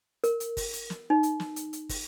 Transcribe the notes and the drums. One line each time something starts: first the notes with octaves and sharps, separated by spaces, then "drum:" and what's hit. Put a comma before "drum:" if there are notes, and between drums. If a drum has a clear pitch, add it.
A#4, drum: hi-hat
drum: hi-hat
drum: kick, open hi-hat
drum: hi-hat
drum: snare
D#4
drum: hi-hat
drum: snare
drum: hi-hat
drum: hi-hat
drum: kick, open hi-hat